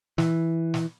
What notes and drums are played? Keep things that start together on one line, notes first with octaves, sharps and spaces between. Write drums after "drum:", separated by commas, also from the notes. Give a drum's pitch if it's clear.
E3, drum: snare
drum: snare